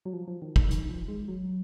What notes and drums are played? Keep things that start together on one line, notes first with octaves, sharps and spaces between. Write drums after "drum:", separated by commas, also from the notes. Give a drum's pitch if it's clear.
F#3
F3
F3
D#3
D#3, drum: kick
D#3, drum: hi-hat
D#3
F3
G#3
F#3